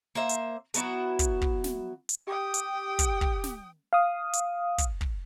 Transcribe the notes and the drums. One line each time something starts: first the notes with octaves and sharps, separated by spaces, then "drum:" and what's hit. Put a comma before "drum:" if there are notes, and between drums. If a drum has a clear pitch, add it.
A#3 C5 E5
drum: hi-hat
F#3 B3 E4 F#4, drum: hi-hat
drum: kick, hi-hat
drum: kick
drum: snare
drum: hi-hat
G4 G5 D#6
drum: hi-hat
drum: kick, hi-hat
drum: kick
drum: snare
F5 D#6
drum: hi-hat
drum: kick, hi-hat
drum: kick